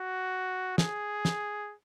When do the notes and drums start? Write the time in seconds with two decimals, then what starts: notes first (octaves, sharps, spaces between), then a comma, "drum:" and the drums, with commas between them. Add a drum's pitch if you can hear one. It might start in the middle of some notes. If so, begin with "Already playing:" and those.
Already playing: F#4
0.78 G#4, drum: snare
1.25 drum: snare